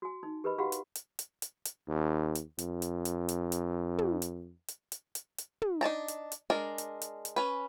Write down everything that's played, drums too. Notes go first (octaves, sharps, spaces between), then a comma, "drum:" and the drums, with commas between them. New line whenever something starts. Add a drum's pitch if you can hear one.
F#4 G#5
D#4
G4 A#4 B4 D#5 B5
E4 F#4 G4 F5 F#5 B5
drum: hi-hat
drum: hi-hat
drum: hi-hat
drum: hi-hat
drum: hi-hat
D#2
drum: hi-hat
F2, drum: hi-hat
drum: hi-hat
drum: hi-hat
drum: hi-hat
drum: hi-hat
drum: tom
drum: hi-hat
drum: hi-hat
drum: hi-hat
drum: hi-hat
drum: hi-hat
drum: tom
D4 D#4 A5 A#5
drum: hi-hat
drum: hi-hat
G#3 D4 A#4
drum: hi-hat
drum: hi-hat
drum: hi-hat
C#4 B4